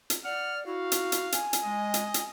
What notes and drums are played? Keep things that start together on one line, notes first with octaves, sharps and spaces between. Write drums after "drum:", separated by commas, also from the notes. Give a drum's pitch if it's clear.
drum: hi-hat
D5 F#5 F6
E4 F#4 F5
drum: hi-hat
drum: hi-hat
G#5, drum: hi-hat
drum: hi-hat
G#3 D#5
drum: hi-hat
drum: hi-hat